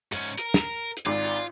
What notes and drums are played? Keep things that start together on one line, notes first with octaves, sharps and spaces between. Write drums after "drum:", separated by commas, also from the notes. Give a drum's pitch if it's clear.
G#2 C#4 C#7, drum: hi-hat
A#4, drum: hi-hat
drum: snare
drum: hi-hat
G#1 G#2 F4 D5 D6
drum: hi-hat